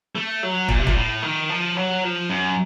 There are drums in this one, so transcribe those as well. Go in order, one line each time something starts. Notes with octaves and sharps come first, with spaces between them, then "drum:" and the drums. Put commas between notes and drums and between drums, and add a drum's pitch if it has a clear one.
A3
F#3
A#2, drum: kick
C3
A#2, drum: kick
A2
D#3
F3
F#3
F3
F#2